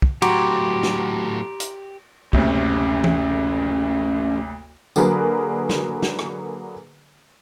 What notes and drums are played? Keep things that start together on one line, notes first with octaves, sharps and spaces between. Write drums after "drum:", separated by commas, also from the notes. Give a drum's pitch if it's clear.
drum: kick
A2 F#3 F#4 G4 A#5 C6 D6, drum: cymbal
drum: snare
drum: hi-hat
F#1 D2 A2 C3 C#4, drum: kick
drum: tom E3
D3 F#3 A#3 G#4 A#4 B4, drum: tambourine
drum: snare
drum: snare
drum: rim click